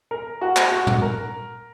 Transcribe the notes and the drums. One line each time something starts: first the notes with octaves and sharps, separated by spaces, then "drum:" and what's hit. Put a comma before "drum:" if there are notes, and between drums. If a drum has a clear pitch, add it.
A#4
F#4
drum: clap
F#4
drum: tom
A#4